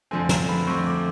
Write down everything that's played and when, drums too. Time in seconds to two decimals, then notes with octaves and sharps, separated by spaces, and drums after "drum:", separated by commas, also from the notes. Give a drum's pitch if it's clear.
0.11 F2 D3 F3 A3 C4 G#5
0.29 A#5, drum: snare
0.49 B5
0.67 F2 D3 F3 A3 C4 C#6
0.86 D6